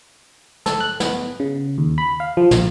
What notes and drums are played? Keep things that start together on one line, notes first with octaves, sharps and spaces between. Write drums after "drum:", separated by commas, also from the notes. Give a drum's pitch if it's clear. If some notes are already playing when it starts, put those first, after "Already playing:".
A4, drum: snare
F#6
B3, drum: snare
C#3
D#2
B5
F5
F3
A#1, drum: snare